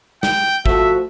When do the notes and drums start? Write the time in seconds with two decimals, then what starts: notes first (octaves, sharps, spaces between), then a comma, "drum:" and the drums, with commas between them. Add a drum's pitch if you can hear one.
0.23 G5, drum: snare
0.66 F3 A3 F#4 E5, drum: kick G#1